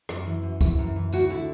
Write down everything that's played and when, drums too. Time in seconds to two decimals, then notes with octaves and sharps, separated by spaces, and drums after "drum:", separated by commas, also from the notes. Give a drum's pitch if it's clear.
0.09 F#2, drum: rim click
0.26 E3
0.43 F#2
0.61 E3, drum: kick C#2, tambourine
0.78 F#2
0.96 E3
1.13 D2 F#4, drum: tambourine
1.30 D3 E4